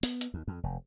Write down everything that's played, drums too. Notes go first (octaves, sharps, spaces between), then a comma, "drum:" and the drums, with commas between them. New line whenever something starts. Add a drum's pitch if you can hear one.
B3, drum: open hi-hat
drum: hi-hat
D#2
F2
F1